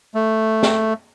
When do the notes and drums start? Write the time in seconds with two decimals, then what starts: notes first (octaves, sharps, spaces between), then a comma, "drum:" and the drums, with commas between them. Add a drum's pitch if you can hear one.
0.15 A3
0.63 drum: snare